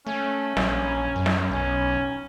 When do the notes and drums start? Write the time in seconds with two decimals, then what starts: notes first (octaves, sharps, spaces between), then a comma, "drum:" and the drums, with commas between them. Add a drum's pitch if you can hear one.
0.07 A3 C#4
0.57 A#1, drum: snare
1.16 F#2
1.26 drum: snare
1.51 B1 C#4